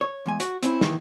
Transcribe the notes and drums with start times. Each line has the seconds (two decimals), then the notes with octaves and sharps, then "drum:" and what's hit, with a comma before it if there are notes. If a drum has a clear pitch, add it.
0.01 C#5
0.26 E2 G#3 G#5
0.40 F#4, drum: hi-hat
0.63 C4 C#4 E4, drum: hi-hat
0.81 D#2 D#3 E3, drum: snare